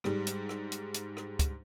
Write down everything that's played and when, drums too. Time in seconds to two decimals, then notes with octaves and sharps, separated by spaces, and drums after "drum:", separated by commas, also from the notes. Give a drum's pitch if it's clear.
0.04 G#2 G3, drum: rim click
0.27 drum: hi-hat
0.49 drum: rim click
0.72 drum: hi-hat
0.94 drum: hi-hat
1.17 drum: rim click
1.39 drum: kick, hi-hat